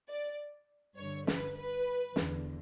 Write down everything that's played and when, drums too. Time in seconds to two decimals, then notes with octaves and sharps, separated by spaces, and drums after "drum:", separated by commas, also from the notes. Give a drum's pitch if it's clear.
0.09 D5
0.98 G2 D3 C#5
1.27 B4, drum: snare
1.57 B4
2.16 E2 D3, drum: snare